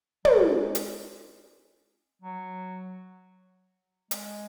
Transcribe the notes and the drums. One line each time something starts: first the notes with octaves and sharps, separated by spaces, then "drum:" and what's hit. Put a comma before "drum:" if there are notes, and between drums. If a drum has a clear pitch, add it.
F#3, drum: tom
G#3
drum: hi-hat
F#3
G#3, drum: hi-hat